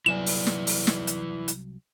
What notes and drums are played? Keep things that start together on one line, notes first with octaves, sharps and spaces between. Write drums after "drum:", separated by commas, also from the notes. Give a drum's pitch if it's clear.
C2 F#3 E4 B4 D5 G#5 E7
drum: open hi-hat
drum: snare
drum: open hi-hat
drum: snare
drum: hi-hat
drum: hi-hat